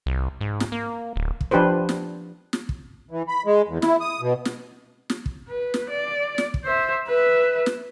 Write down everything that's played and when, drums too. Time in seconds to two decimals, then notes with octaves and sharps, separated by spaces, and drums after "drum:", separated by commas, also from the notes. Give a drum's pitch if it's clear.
0.06 C2
0.41 G#2
0.60 drum: snare
0.72 A#3
1.16 D1
1.41 drum: kick
1.51 F3 D4 G4 B4 C5
1.89 drum: snare
2.53 drum: snare
2.69 drum: kick
3.11 E3
3.28 B5
3.46 G#3
3.68 E2
3.82 E4, drum: snare
4.00 D#6
4.21 B2
4.45 drum: snare
5.10 drum: snare
5.26 drum: kick
5.49 B4
5.74 drum: snare
5.90 D5
6.38 drum: snare
6.54 drum: kick
6.65 C5 E5
7.07 B4 E5
7.66 drum: snare